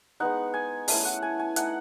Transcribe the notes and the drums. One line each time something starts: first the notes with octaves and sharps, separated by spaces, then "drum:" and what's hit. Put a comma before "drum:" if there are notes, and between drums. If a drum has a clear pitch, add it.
G#3 B3 D#4 F#5
G#5
A3 C#4 E4 A5, drum: open hi-hat
F#5
G#5
G#5
A3 D#4 F#5, drum: hi-hat